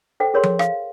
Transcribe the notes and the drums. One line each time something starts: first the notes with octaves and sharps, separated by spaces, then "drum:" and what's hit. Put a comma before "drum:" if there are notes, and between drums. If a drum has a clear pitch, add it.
A4 C5 F#5 G5
G#4 A#4 C#5 F#5 C6
drum: tom F3
F5, drum: rim click